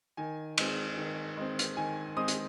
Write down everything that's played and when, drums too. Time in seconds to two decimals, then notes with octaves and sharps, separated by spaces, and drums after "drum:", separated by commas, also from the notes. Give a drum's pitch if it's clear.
0.17 D#3 G#5
0.58 G#3 C4, drum: cymbal
0.97 D#3
1.37 G#3 C4
1.59 drum: hi-hat
1.77 D#3 G#5
2.16 G#3 C4 D#6
2.28 drum: hi-hat